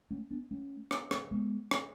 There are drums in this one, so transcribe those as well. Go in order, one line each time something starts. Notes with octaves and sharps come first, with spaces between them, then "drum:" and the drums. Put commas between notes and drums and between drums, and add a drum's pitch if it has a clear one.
A3 C#4
B3 D4
A3 C#4
drum: rim click
drum: rim click
G#3 B3
drum: rim click